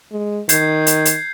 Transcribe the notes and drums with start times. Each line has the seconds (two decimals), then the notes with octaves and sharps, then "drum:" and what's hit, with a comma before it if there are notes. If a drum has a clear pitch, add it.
0.12 G#3
0.49 D#3 G6 G#6 C7, drum: hi-hat
0.87 drum: hi-hat
1.05 drum: hi-hat